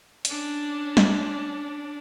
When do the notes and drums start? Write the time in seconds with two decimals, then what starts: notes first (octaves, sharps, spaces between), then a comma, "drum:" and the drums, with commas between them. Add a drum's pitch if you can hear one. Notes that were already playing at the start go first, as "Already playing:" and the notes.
0.25 C#4 D4, drum: hi-hat
0.97 drum: snare